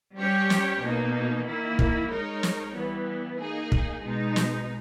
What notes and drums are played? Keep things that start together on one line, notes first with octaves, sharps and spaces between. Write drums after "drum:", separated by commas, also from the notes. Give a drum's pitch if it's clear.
G3 C#4 G4 C#5
drum: snare
B2 A#3 D#4
D#3 A#3 E4
drum: kick
G#3 D#4 A#4 C#5
drum: snare
E3 G3 B3
A#3 D#4 G#4
drum: kick
B2 G#3 D#4
drum: snare